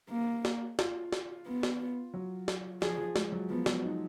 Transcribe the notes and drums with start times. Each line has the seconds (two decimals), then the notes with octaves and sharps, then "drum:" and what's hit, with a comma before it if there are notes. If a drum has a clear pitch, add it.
0.11 A#3
0.45 drum: snare
0.79 F4, drum: snare
1.12 drum: snare
1.46 B3
1.63 drum: snare
2.14 F#3
2.48 drum: snare
2.82 F3 G#4, drum: snare
2.98 F3
3.16 G#3, drum: snare
3.32 F#3
3.50 F3 B3
3.66 F#3, drum: snare
3.83 D#4